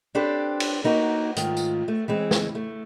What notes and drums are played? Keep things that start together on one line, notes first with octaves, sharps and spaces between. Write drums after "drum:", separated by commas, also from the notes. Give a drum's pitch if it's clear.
C4 D4 G4 A4 B4 C5
drum: cymbal
A#3 D#4 F#4 B4
G#2 D#3 A3 F4, drum: hi-hat
drum: tambourine
A3
E3 G#3 C4
drum: snare
A3